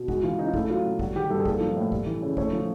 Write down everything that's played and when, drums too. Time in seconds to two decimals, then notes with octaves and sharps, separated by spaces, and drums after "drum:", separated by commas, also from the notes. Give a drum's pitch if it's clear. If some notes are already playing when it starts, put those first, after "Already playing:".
Already playing: B2
0.08 G#3 F#4, drum: kick
0.23 E3 F4
0.39 C#3 D#4
0.47 F4
0.54 A3 E4, drum: kick
0.69 F#3 F4
0.85 B2 F#4
0.99 G3 F#4, drum: kick
1.16 D#3 G4
1.30 G2 A4
1.40 G#4
1.46 A#3 A4, drum: kick
1.60 F3
1.76 A2
1.92 G3, drum: kick
2.06 E3
2.22 C#3
2.37 A3 C#5, drum: kick
2.52 F3